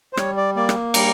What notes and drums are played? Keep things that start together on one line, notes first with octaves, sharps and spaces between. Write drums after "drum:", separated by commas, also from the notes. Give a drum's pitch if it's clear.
C5
G3 C#5, drum: rim click
D5
A#3 D5
drum: rim click
G3 A#5, drum: cymbal